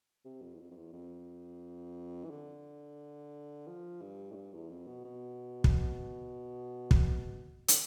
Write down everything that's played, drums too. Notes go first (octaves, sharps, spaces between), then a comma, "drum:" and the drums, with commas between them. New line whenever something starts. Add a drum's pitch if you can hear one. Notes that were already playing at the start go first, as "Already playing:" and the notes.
C3
F2
E2
F2
F2
E2
F2
E3
D3
F3
G2
A2
G2
E2
F2
B2
B2
drum: kick
drum: kick
D3, drum: hi-hat